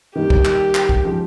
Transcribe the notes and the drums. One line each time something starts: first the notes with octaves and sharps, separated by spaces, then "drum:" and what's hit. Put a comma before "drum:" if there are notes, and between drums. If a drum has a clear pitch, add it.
D#3 G3 A#3 G4
drum: kick
drum: clap
drum: clap
drum: kick
C#3 F3 G#3